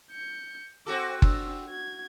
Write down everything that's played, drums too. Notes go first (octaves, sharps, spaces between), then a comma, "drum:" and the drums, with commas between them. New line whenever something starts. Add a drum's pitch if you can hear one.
G6 C#7
C4 F#4 A4 D6
D4 E6, drum: kick
F#4 G#6